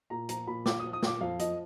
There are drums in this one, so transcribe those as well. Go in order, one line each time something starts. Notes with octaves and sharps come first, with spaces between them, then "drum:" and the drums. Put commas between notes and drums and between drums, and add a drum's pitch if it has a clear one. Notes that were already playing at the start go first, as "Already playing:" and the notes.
A#2 A#5
F3 A#5, drum: hi-hat
A#2 B5
A#2 D6, drum: snare
F3 D#6
D#6
A#2 D6, drum: snare
F2 F5
F3 D#5, drum: hi-hat